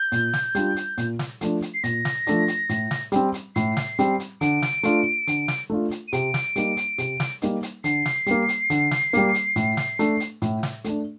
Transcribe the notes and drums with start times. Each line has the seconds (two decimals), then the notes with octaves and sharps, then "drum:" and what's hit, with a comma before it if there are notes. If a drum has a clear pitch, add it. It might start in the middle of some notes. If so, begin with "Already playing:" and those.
Already playing: G6
0.12 A#2, drum: hi-hat
0.33 drum: snare
0.55 G3 D4 F4, drum: hi-hat
0.76 drum: hi-hat
0.97 A#2, drum: hi-hat
1.19 drum: snare
1.41 F3 A3 D4, drum: hi-hat
1.62 drum: hi-hat
1.74 C7
1.84 A#2 A#6, drum: hi-hat
2.05 drum: snare
2.27 F3 A3 D4, drum: hi-hat
2.48 drum: hi-hat
2.69 A2, drum: hi-hat
2.91 drum: snare
3.12 G3 C4, drum: hi-hat
3.34 drum: hi-hat
3.55 A2 C7, drum: hi-hat
3.77 drum: snare
3.99 G3 C4, drum: hi-hat
4.20 drum: hi-hat
4.41 D3 D7, drum: hi-hat
4.62 drum: snare
4.83 A3 D4 F4, drum: hi-hat
5.27 D3, drum: hi-hat
5.48 drum: snare
5.70 A3 D4 F4
5.91 drum: hi-hat
6.08 D#7
6.13 C3 D7, drum: hi-hat
6.34 drum: snare
6.56 G3 A#3 D#4, drum: hi-hat
6.77 drum: hi-hat
6.98 C3, drum: hi-hat
7.20 drum: snare
7.42 G3 A#3 D#4, drum: hi-hat
7.63 drum: hi-hat
7.84 D3 C7, drum: hi-hat
8.06 drum: snare
8.26 G3 A#3, drum: hi-hat
8.48 drum: hi-hat
8.70 D3, drum: hi-hat
8.91 drum: snare
9.13 G3 A#3, drum: hi-hat
9.34 drum: hi-hat
9.56 A2, drum: hi-hat
9.77 drum: snare
9.99 A3 D4, drum: hi-hat
10.20 drum: hi-hat
10.42 A2, drum: hi-hat
10.63 drum: snare
10.84 A3 D4, drum: hi-hat